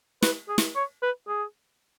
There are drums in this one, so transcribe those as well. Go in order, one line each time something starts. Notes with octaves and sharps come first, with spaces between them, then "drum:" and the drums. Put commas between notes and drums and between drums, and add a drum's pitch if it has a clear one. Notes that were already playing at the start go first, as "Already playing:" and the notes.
B4, drum: snare
G#4
drum: snare
C#5
B4
G#4